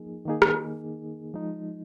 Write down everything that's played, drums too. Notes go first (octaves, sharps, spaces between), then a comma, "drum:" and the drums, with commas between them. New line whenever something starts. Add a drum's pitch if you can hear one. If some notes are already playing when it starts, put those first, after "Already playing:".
Already playing: F3 A#3 D#4 G#4
D#3 A#3 D#4 G#4
drum: rim click
F3 G#3 D#4